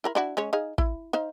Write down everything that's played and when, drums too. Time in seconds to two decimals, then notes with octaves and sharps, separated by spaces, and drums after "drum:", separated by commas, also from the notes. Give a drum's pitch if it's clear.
0.04 E4 A#4 B5
0.15 D4 E4 F#4
0.37 G#3 C#4 C#5
0.53 D#4 G#4 F5
0.78 E4, drum: kick
1.13 D#4 C5 F5